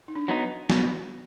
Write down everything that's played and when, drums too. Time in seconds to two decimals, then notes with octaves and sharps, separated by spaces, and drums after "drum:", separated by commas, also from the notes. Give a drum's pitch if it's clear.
0.08 D#4
0.15 D4
0.28 F#3 B3 D#4
0.70 B2 D4, drum: snare